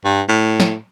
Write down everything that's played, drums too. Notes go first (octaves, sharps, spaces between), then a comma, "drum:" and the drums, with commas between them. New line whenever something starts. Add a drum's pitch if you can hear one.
G2
A2
drum: snare